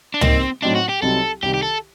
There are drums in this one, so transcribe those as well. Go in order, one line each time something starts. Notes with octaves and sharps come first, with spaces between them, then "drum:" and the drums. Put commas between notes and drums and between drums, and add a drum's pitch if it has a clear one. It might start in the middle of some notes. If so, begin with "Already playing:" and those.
D4
C3 G3 A#3 C4 D#4, drum: tom
A2 F#3 C4 D4 D#4
F#4
G4
C2 C3 F#3 C4 D#4 A4
C2 C3 D#3 G4
G4
A4